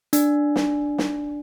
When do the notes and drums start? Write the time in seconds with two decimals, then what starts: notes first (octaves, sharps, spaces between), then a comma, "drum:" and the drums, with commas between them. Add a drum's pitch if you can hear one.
0.13 D4, drum: hi-hat
0.56 drum: snare
0.98 drum: snare